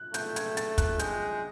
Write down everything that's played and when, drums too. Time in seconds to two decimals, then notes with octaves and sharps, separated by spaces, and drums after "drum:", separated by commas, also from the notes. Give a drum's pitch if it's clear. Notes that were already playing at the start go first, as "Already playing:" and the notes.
Already playing: F#6
0.14 A3 G6, drum: hi-hat
0.36 G#6, drum: hi-hat
0.57 A6, drum: hi-hat
0.78 F#6, drum: kick, hi-hat
0.99 G#3 G6, drum: hi-hat